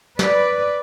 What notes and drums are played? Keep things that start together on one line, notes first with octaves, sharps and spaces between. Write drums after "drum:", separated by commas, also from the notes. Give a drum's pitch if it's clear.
B4 D5, drum: snare